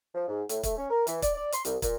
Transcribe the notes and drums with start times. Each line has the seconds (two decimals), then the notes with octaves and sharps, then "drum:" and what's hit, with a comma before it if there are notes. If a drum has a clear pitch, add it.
0.14 F3
0.28 G#2
0.49 A2, drum: hi-hat
0.63 A3, drum: kick, hi-hat
0.77 C#4
0.90 A#4
1.07 E3, drum: hi-hat
1.22 D5, drum: kick, hi-hat
1.35 D5
1.52 C6, drum: hi-hat
1.65 C2, drum: hi-hat
1.82 A#2, drum: kick, hi-hat